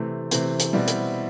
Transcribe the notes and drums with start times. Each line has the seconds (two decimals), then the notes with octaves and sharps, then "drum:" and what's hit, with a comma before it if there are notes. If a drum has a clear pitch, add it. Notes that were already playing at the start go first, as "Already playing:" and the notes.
Already playing: C3 E3 A3 C4
0.31 C3 E3 A3 C4, drum: hi-hat
0.59 drum: hi-hat
0.73 B2 G3 C4 E4
0.87 drum: hi-hat